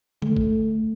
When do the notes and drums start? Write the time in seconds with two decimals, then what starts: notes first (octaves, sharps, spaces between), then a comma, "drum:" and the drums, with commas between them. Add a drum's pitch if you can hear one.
0.22 A3, drum: tom D3
0.37 drum: kick